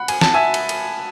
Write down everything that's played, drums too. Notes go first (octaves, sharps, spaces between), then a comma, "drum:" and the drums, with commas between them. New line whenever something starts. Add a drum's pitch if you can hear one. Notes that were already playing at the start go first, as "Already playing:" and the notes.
Already playing: F#5 B5
G#5, drum: cymbal
A5, drum: snare
E5 G#5
drum: cymbal
drum: cymbal